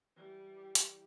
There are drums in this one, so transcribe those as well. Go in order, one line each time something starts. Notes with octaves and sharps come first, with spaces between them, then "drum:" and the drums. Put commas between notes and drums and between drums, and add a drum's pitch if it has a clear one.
E3 G3
G4
drum: hi-hat